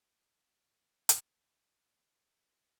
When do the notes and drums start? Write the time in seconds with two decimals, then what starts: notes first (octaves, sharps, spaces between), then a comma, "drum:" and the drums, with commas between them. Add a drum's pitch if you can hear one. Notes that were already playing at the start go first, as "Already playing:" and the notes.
1.09 drum: hi-hat
1.19 B1 A2 G#4 G#5 B5 C#6 B6 C7